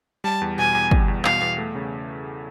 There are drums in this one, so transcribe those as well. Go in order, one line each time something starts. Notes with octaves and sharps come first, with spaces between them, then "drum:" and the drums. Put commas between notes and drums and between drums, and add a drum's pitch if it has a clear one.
G3 A5
E2
B2 G#5
E2
G3, drum: kick
E2
B2 F5, drum: clap
E2
A3
C#3